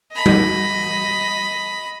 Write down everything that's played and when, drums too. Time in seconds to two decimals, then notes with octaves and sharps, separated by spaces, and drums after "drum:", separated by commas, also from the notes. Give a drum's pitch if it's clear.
0.12 D#5 B5
0.26 drum: tom G3